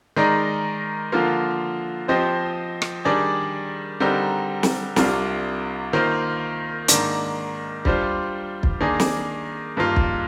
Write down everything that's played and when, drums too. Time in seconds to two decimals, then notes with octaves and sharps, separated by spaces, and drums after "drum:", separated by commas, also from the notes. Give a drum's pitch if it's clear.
0.16 D#3 G#3 D#4 A#4 D5
1.12 D3 F3 A#3 F4
2.08 F3 C4 G4 C5 D#5
2.82 drum: rim click
3.05 D#3 G3 D4 G#4 D5
4.00 D3 G3 C4 D#4 A#4
4.63 drum: snare
4.96 C2 C3 G3 D4 F4, drum: snare
5.93 D#3 A#3 F4 C5
6.88 G#2 D#3 A#3 D4, drum: hi-hat
7.85 G3 D4 F4 C5, drum: kick
8.63 drum: kick
8.81 D#3 A#3 D4 G#4
9.00 drum: snare
9.77 G2 D#3 A#3 F4
9.96 drum: kick